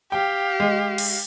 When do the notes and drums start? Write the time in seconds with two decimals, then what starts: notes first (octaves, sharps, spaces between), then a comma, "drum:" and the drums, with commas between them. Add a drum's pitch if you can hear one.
0.12 G4 F5 G5
0.60 G#3
0.98 drum: cymbal